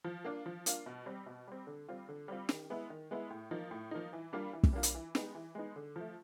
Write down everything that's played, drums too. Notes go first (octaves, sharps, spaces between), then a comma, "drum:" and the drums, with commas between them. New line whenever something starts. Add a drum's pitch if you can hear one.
F3
A#3 D4 F4
F3
A#3 D4 F4, drum: hi-hat
B2
G3 C4
B2
G3 C4
D3
G3 C4 F4
D3
G3 C4 F4
D#3, drum: snare
G#3 B3 E4
D#3
G#3 B3 E4
A2
F3 A#3 D#4
A2
F3 A#3 D#4
E3
G3 A#3 D4 F4
E3
drum: kick
G3 A#3 D4 F4
drum: hi-hat
E3
G#3 B3 D#4, drum: snare
E3
G#3 B3 D#4
D3
F3 A3